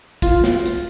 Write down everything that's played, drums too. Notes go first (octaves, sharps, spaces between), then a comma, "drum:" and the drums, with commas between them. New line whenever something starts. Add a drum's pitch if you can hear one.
F4, drum: kick, hi-hat
drum: snare
drum: hi-hat